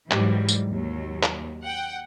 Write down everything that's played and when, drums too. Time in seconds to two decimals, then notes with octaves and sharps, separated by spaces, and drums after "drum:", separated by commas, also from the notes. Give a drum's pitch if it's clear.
0.11 G#2 E3 F#3 G3, drum: clap
0.48 drum: tambourine
0.70 D#2 F#3
1.23 drum: clap
1.64 F#5 G5